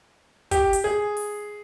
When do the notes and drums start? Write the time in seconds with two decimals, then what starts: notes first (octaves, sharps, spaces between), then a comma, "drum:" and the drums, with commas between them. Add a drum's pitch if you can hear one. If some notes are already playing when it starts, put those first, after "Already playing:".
0.51 G4, drum: kick, hi-hat
0.73 drum: hi-hat
0.84 G#4
1.17 drum: open hi-hat